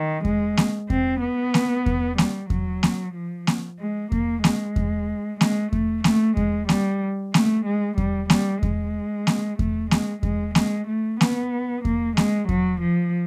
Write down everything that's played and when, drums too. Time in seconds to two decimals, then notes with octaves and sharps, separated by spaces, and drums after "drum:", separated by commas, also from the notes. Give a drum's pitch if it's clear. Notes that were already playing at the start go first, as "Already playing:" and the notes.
Already playing: D#3
0.25 G#3, drum: kick E2
0.57 drum: snare A#3
0.90 C4, drum: kick E2
1.22 B3
1.54 drum: snare A#3
1.86 drum: kick E2
2.18 G3, drum: snare A#3
2.50 F#3, drum: kick E2
2.83 drum: snare A#3
3.14 F3
3.47 drum: snare A#3
3.79 G#3
4.12 A#3, drum: kick E2
4.44 G#3, drum: snare A#3
4.76 drum: kick E2
5.41 G#3, drum: snare A#3
5.73 A3, drum: kick E2
6.04 A3, drum: snare A#3
6.37 G#3, drum: kick E2
6.69 G3, drum: snare A#3
7.34 A3, drum: snare A#3
7.66 G#3
7.98 G3, drum: kick E2
8.30 G3, drum: snare A#3
8.63 G#3, drum: kick E2
9.27 drum: snare A#3
9.59 A3, drum: kick E2
9.91 G#3, drum: snare A#3
10.23 G#3, drum: kick E2
10.55 G#3, drum: snare A#3
10.88 A3
11.21 B3, drum: snare A#3
11.85 A#3, drum: kick E2
12.17 G#3, drum: snare A#3
12.49 F#3, drum: kick E2
12.81 F3